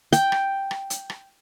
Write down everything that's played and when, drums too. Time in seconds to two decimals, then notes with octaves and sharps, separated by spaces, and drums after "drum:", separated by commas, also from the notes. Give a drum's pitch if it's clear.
0.13 G5, drum: hi-hat
0.32 drum: rim click
0.71 drum: rim click
0.90 drum: hi-hat
1.10 drum: rim click